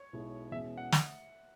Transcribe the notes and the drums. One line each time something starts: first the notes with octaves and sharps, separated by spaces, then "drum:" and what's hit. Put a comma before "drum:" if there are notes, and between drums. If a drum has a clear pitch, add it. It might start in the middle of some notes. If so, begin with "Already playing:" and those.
Already playing: C#5
B1 B2 G#3 E4
E2 B2 G#3 C#4 E5
F#5
drum: snare